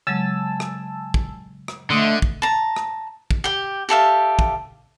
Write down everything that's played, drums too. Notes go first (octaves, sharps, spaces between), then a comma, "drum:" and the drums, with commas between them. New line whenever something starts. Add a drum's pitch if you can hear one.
C#3 F#3 G#3 G#5 A5 E6
drum: rim click
drum: kick
drum: rim click
D3 A3 D#5 C6 D6 D#6 A#6
drum: kick
A5 A#5
drum: rim click
drum: kick
G4 G5
G4 A4 E5 F5
drum: kick